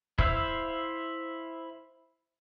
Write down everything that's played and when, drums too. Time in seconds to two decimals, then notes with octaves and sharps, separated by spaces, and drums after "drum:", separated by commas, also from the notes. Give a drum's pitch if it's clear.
0.19 E4 C5 E5 F5 E6, drum: kick